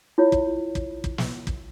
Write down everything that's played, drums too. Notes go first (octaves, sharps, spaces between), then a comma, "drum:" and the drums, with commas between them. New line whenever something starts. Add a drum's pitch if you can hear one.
E4 F4 C#5
drum: kick
drum: kick
drum: kick
drum: snare
drum: kick